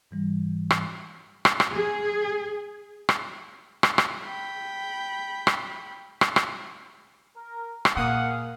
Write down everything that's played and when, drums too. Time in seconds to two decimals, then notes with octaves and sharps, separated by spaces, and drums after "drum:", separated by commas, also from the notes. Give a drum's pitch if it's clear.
0.11 G#2 E3 G3
0.70 drum: rim click
1.45 drum: rim click
1.60 drum: rim click
1.72 G#4
3.09 drum: rim click
3.83 drum: rim click
3.98 drum: rim click
4.25 G5 B5
5.47 drum: rim click
6.21 drum: rim click
6.36 drum: rim click
7.36 A#4
7.85 drum: rim click
7.96 A#2 A#3 G#4 F5 F#5 D#6